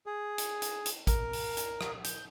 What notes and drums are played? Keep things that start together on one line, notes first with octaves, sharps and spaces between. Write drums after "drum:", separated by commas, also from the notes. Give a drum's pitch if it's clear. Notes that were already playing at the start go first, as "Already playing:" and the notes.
G#4
drum: hi-hat
drum: hi-hat
drum: hi-hat
A#4, drum: kick A1, hi-hat
drum: open hi-hat
drum: hi-hat
drum: rim click
G6, drum: hi-hat